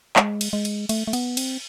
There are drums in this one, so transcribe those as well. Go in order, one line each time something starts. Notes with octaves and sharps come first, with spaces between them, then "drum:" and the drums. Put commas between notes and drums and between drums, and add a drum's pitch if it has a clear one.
G#3, drum: clap
drum: cymbal
G#3
drum: cymbal
A3, drum: cymbal
A3
B3, drum: cymbal
C4, drum: cymbal